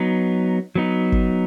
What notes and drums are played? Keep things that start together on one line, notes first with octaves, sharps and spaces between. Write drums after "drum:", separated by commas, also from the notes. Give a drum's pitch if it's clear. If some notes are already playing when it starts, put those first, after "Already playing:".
Already playing: F#3 B3 D#4
F#3 B3 D#4
drum: kick G1